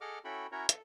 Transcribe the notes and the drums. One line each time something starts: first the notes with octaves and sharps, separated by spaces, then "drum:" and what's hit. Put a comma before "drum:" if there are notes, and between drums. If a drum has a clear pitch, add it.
G#4 A4 D#5 F#5 D6 F6
C#4 E4 F#4 A4 G5 B5
C#4 E4 F#4 A#4 C#5 A#5
A4, drum: hi-hat